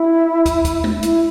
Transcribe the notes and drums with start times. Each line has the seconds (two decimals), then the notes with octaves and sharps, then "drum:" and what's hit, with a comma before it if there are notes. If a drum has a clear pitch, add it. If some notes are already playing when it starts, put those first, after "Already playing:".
Already playing: E4
0.46 drum: kick, hi-hat
0.65 drum: kick, hi-hat
0.84 drum: tom G#3
1.03 E4, drum: hi-hat